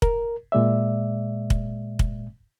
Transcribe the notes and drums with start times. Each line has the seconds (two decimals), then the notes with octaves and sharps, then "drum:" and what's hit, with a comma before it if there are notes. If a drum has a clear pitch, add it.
0.02 A#4, drum: kick
0.52 A#2 G#3 D5 E5
1.50 drum: kick
1.99 drum: kick